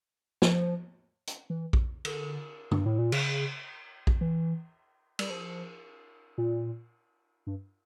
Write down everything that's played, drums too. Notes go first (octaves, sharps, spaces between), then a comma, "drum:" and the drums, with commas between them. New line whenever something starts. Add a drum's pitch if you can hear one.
F3, drum: snare
drum: hi-hat
E3
drum: kick A#1
D3, drum: cymbal
G2, drum: tom
A2
A#2
C#3, drum: cymbal
drum: kick A#1
E3
G3, drum: cymbal
F3
A#2
G2